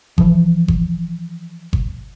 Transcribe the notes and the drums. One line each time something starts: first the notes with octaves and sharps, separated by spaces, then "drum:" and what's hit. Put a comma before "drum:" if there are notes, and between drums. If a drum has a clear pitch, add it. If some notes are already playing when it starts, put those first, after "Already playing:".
E3 F3, drum: kick G1
drum: kick G1
drum: kick G1